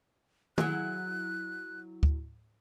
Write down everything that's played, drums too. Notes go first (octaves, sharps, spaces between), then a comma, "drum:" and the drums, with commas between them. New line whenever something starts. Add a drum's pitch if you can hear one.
F#3 E4 G#4 F#6, drum: tom
drum: kick D2